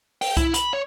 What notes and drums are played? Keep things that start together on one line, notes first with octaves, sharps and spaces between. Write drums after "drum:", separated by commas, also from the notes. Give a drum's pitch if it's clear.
G5, drum: open hi-hat
E4, drum: kick C2, hi-hat
B5, drum: hi-hat
C#5